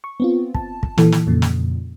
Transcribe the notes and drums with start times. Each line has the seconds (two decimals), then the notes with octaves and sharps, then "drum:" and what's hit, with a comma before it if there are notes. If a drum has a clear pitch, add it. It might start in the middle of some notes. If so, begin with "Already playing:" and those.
0.04 C#6
0.20 B3 C4 F4
0.54 A5, drum: kick
0.83 drum: kick
0.98 A#2 E3 A4, drum: snare
1.12 drum: snare
1.27 F2 A#2 C#3
1.42 drum: snare